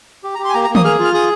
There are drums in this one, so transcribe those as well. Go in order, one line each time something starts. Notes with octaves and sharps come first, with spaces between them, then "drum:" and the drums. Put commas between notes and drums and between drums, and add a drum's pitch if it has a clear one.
G4
A#5
G4
C6
G#5
A#3 A#5
A#5
A#3
D#6, drum: tom
G#4 F6
F4
F6
G#4 D#6